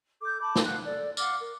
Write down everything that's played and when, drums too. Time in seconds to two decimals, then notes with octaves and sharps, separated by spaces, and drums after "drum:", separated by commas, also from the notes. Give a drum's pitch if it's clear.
0.22 A4 D6 G6
0.41 A5 B5 D6
0.55 drum: snare
0.65 F5 F#5 F#6
0.85 A4 D5
1.17 F5 F#5 D6 F6, drum: tambourine
1.41 A#4